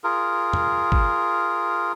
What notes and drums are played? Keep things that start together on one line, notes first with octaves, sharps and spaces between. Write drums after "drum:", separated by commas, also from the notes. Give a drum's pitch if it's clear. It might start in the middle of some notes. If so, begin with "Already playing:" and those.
F4 G#4 A#4
drum: tom
drum: kick G#1